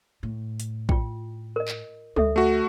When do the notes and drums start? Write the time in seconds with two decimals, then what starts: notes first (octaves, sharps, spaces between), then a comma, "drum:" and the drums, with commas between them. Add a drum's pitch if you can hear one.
0.23 A2
0.60 drum: hi-hat
0.89 F4 G5, drum: kick A#1
1.56 A#4 D#5
1.68 drum: clap
2.16 D2 A4 E5, drum: tom G3
2.36 A3 F#4